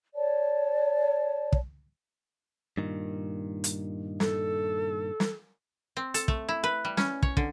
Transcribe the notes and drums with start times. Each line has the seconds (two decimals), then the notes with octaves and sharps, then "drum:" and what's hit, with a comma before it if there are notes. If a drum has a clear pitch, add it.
0.14 C#5 D5 A5
1.53 drum: kick
2.78 G2 A#2 D#3
3.64 drum: hi-hat
4.20 A4, drum: snare
5.20 drum: snare
5.97 C4
6.14 A4, drum: hi-hat
6.28 A3, drum: kick
6.49 E4
6.64 B4
6.85 G3
6.97 C#4, drum: snare
7.23 C#5, drum: kick
7.37 D3, drum: kick